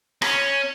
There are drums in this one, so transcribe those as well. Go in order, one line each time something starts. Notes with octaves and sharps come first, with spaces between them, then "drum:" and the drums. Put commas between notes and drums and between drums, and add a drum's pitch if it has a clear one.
C#4, drum: rim click